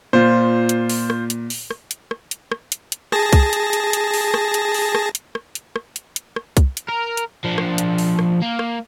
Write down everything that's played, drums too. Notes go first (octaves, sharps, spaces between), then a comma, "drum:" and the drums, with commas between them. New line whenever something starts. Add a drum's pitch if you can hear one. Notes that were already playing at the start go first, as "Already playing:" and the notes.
A#2 F4 C5
drum: hi-hat
drum: open hi-hat
drum: rim click
drum: hi-hat
drum: open hi-hat
drum: rim click
drum: hi-hat
drum: rim click
drum: hi-hat
drum: rim click
drum: hi-hat
drum: hi-hat
G#4 A5 A#6, drum: rim click
drum: kick C2, hi-hat
drum: hi-hat
drum: hi-hat
drum: hi-hat
drum: open hi-hat
drum: rim click
drum: hi-hat
drum: open hi-hat
drum: rim click
drum: hi-hat
drum: rim click
drum: hi-hat
drum: rim click
drum: hi-hat
drum: hi-hat
drum: rim click
drum: kick C2, hi-hat
drum: hi-hat
A#4
drum: hi-hat
F3 D4
drum: rim click
drum: hi-hat
drum: open hi-hat
drum: rim click
A#3
drum: rim click